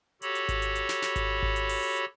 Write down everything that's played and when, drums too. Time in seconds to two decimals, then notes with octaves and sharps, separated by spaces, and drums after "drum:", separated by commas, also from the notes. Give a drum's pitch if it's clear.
0.22 F#4 G4 A4 C#5 B5, drum: hi-hat
0.35 drum: hi-hat
0.49 drum: kick G#1, hi-hat
0.62 drum: hi-hat
0.75 drum: hi-hat
0.89 drum: snare
1.02 drum: snare
1.16 drum: kick G#1, hi-hat
1.43 drum: kick G#1
1.56 drum: hi-hat
1.69 drum: open hi-hat
1.83 drum: hi-hat
1.96 drum: hi-hat